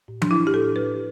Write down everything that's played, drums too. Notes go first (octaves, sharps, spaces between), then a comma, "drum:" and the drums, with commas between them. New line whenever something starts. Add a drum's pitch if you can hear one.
A2
D4, drum: tom F3
A2 E4
G4
A2 A4
A2 B4